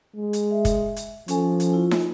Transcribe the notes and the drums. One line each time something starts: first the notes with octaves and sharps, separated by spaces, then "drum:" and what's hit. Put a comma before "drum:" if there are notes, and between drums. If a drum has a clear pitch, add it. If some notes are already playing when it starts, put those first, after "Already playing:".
G#3
drum: hi-hat
E5
drum: kick, hi-hat
drum: hi-hat
F3 C#4 A4 G#5, drum: hi-hat
drum: hi-hat
E4 F4
drum: snare